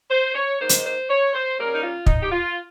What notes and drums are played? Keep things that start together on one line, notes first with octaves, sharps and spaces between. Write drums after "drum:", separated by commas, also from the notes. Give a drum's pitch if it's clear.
C5
C#5
G#2 D#3 A#3 C5
drum: hi-hat
C5
C#5
C5
C#3 G3 A#3 C#4 A#4
D#4
F4
D#4, drum: kick
G4
F4